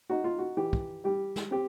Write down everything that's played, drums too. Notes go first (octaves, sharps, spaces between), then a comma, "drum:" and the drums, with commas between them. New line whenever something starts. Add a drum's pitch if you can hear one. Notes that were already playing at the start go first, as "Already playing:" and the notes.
D#4 F#4
F4
F#4
E3 G4
drum: kick
G3 G4
drum: snare
C4 G4